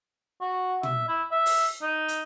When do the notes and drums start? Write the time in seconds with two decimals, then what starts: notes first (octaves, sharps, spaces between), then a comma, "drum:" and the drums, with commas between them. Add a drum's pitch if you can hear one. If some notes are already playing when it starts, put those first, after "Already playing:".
0.41 F#4
0.83 E5, drum: tom
1.08 E4
1.31 E5
1.46 drum: open hi-hat
1.82 D#4
2.08 drum: hi-hat